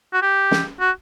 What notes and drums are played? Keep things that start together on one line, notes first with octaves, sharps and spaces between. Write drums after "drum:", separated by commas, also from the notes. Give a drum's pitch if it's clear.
F#4
G4
drum: snare
F#4